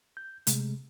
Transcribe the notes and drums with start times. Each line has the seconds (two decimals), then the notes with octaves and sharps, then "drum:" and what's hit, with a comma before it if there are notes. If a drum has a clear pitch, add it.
0.17 G6
0.47 C3 G#3 A3, drum: hi-hat